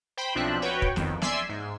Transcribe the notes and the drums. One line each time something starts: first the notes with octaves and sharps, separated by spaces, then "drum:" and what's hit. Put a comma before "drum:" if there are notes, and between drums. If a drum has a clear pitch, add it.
C5 G5 B5
B1 F3 C4 D4 E5 F#6
F#4 B4 C#5 G5
drum: kick
F2 D#3, drum: snare
D5 E5 G#5 C6 E6 C7, drum: snare
G#2